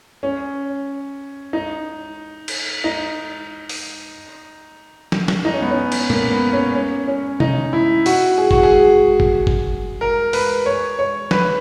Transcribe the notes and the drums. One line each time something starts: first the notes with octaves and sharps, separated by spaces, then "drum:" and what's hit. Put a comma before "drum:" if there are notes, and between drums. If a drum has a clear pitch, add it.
C#4
D#4
drum: cymbal
D#4
drum: open hi-hat
drum: snare
drum: snare
D#4
C#4
B3
C#4
drum: cymbal
A#3, drum: tom A#2
B3
C#4
C#4
C#4
D#4, drum: tom
E4
F#4, drum: open hi-hat
G#4
F#4, drum: kick
G#4
drum: kick
drum: kick
A#4
B4, drum: open hi-hat
C#5
C#5
B4, drum: snare